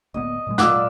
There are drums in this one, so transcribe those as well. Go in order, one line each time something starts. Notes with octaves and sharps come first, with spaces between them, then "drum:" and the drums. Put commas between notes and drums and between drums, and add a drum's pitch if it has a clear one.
D1 A#3 B3 D#5
A#2 F#3 G#3
F4 A#4 D5 F#5 D6 E6 F#6, drum: snare